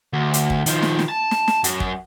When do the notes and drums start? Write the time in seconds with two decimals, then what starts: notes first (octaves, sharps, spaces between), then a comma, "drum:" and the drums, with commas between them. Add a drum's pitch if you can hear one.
0.13 D2
0.34 drum: hi-hat
0.50 drum: kick
0.66 D#3 F3, drum: hi-hat
0.82 drum: snare
0.99 drum: snare
1.09 A5
1.31 drum: snare
1.48 drum: snare
1.64 F#2, drum: hi-hat
1.80 drum: kick